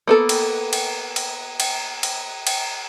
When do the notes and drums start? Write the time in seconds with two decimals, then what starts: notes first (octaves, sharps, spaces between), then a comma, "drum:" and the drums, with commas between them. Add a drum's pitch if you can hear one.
0.08 A#3 B3 A4
0.29 drum: cymbal
0.73 drum: cymbal
1.16 drum: cymbal
1.60 drum: cymbal
2.03 drum: cymbal
2.47 drum: cymbal